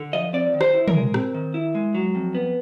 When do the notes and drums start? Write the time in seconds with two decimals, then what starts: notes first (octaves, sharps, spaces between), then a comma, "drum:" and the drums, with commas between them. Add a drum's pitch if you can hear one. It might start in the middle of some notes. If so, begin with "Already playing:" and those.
Already playing: D3
0.13 F3 D#5
0.33 C4 D5
0.54 D#3
0.61 C5, drum: rim click
0.73 E4
0.88 A#4, drum: tom
0.94 G#3
1.14 C4, drum: rim click
1.34 D#3
1.54 E4
1.75 G#3
1.95 F#3
2.15 F2
2.35 B3